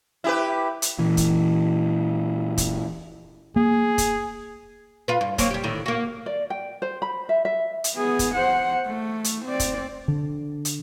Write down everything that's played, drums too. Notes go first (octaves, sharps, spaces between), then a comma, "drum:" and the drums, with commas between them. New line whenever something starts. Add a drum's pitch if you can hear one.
E4 G4 B4
drum: hi-hat
A#2 E3
drum: kick, hi-hat
drum: kick, hi-hat
A#3 G#4
drum: kick, hi-hat
F4 B4
G2
F#3 A#3 C4, drum: kick, hi-hat
G3 G4
A2 D3 D#3
A#3 F#4
D5
G5
C5
B5
E5
E5
drum: hi-hat
B3 G#4
drum: kick, hi-hat
C5 F#5
A3
drum: hi-hat
C4 D5
drum: kick, hi-hat
D3
drum: hi-hat